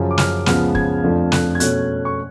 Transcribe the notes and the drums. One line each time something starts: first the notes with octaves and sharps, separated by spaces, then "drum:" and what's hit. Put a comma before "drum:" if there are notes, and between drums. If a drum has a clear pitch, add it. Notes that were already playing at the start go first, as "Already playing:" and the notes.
Already playing: F#2 C#3 F3
D6
F6, drum: snare
C#2 C#3 F3 B3 F6, drum: snare
G#6, drum: kick
F2 F3 A3 D4
F#6, drum: snare
G#6
B2 A3 C#4 F#6, drum: hi-hat
C#6